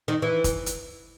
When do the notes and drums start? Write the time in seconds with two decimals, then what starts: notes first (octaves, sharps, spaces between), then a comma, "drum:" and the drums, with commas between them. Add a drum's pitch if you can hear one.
0.08 D#3
0.22 E3
0.44 drum: kick, hi-hat
0.66 drum: hi-hat